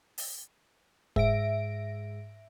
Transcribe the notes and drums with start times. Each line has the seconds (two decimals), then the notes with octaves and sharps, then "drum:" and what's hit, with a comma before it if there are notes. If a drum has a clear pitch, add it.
0.18 drum: open hi-hat
1.16 G#2 E5 A#6 D7, drum: kick